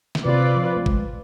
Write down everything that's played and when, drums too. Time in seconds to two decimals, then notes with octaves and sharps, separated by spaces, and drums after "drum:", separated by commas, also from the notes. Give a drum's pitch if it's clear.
0.15 drum: snare
0.24 C3 C4 F4 B4 D5
0.56 F3
0.77 A3
0.86 G#3, drum: kick G1